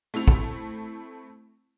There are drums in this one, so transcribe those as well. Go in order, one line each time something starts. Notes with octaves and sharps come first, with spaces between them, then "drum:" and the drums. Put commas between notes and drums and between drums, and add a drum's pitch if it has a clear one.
A3 C4 E4 F7
drum: kick